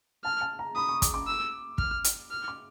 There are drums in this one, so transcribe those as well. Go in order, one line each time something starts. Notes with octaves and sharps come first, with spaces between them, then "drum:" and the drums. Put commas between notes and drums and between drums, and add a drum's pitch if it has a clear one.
A5 F6
A5
A#5
B5 D#6
C#6
D6, drum: kick, hi-hat
D6
E6
F6, drum: kick
drum: hi-hat
F6
D6